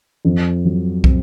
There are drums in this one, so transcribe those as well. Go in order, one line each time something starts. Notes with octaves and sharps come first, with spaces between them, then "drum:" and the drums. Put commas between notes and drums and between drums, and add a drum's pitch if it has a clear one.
F2
F#3
C4, drum: kick